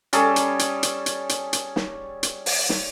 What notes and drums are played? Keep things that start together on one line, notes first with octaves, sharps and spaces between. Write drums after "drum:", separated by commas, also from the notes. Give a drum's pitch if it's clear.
G3 C#4 G#4 A4, drum: hi-hat
drum: hi-hat
drum: hi-hat
drum: hi-hat
drum: hi-hat
drum: hi-hat
drum: hi-hat
drum: snare
drum: hi-hat
drum: open hi-hat
drum: snare